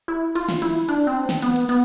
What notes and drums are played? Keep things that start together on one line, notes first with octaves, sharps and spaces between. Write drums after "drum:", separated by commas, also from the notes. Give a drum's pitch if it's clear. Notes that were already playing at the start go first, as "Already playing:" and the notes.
E4
F4, drum: cymbal
drum: snare
E4, drum: cymbal
D4, drum: cymbal
C4
drum: snare
B3, drum: cymbal
drum: cymbal
B3, drum: cymbal